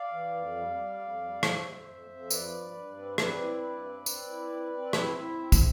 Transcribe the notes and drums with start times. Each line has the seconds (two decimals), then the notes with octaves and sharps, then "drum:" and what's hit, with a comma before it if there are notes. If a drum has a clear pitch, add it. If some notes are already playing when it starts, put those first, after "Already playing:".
Already playing: D5 F5
0.12 E3
0.34 F2
0.56 G3
0.78 G3
0.99 F2
1.21 G3
1.43 G3 C5 E5, drum: rim click
1.66 F2
1.87 F2
2.10 F2
2.30 F3 B4 D5, drum: tambourine
2.53 G2
2.75 G2
2.97 C4
3.18 C4 B4 D5, drum: rim click
3.40 E4
3.63 G2
3.84 C4
4.06 C4, drum: tambourine
4.28 E4
4.50 C4
4.72 C4
4.93 E4 C5 E5, drum: rim click
5.16 E4
5.37 C4
5.52 drum: kick, tambourine